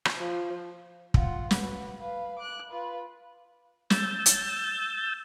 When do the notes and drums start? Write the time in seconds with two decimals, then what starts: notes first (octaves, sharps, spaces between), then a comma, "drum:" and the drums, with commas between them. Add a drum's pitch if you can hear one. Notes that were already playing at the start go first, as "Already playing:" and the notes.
0.05 drum: rim click
0.17 F3
1.14 F4 F#5, drum: kick
1.51 F#4 B4, drum: snare
1.99 B4 F5
2.39 D6 F#6
2.69 F4 B4
3.90 E6 G6 A6, drum: snare
4.26 drum: hi-hat